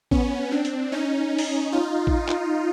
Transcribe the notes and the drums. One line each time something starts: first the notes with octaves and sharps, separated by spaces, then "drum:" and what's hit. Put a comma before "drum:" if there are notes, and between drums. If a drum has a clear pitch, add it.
B3 C#4, drum: kick A1
C4 D4
drum: hi-hat
C#4 D#4
drum: open hi-hat
D#4 F4
drum: kick A1
drum: clap